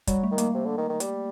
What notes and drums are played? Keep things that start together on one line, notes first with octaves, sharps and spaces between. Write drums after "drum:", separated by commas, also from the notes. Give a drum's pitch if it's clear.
F#3 G3, drum: kick, hi-hat
A3
D#3
A#3, drum: hi-hat
C3
D3
D#3
D#3
G3, drum: hi-hat